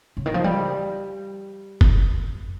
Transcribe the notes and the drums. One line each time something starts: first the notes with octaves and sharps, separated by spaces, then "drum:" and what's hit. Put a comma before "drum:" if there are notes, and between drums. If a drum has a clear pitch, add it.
C#3
D#3
F3
G3
drum: kick F#1